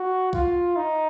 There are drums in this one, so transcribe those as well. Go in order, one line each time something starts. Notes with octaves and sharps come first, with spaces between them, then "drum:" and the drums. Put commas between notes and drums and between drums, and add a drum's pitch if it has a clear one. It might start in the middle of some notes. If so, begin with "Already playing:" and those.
Already playing: F#4
F4, drum: kick C2
D#4